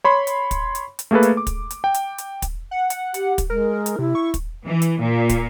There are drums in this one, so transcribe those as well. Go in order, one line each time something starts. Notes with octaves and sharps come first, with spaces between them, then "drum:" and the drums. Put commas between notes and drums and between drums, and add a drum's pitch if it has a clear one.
C#5 B5 C6
drum: hi-hat
drum: kick, hi-hat
drum: hi-hat
drum: hi-hat
A3 A#3 G#4 A4 B4
drum: hi-hat
D6
drum: kick, hi-hat
drum: hi-hat
G5
drum: hi-hat
drum: hi-hat
drum: kick, hi-hat
F#5
drum: hi-hat
G4, drum: hi-hat
drum: kick, hi-hat
G#3 A#4
drum: hi-hat
C3 E4
C#6
drum: kick, hi-hat
E3
drum: hi-hat
A#2
drum: kick, hi-hat